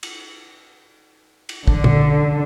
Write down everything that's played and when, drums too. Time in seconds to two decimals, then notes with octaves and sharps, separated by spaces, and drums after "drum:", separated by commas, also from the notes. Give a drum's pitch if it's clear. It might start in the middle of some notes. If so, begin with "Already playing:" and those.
0.03 drum: cymbal
1.49 drum: cymbal
1.68 D3, drum: kick
1.84 drum: tom